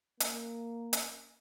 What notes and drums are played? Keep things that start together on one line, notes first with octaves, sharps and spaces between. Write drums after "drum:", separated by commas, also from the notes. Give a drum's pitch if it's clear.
A#3, drum: hi-hat
drum: hi-hat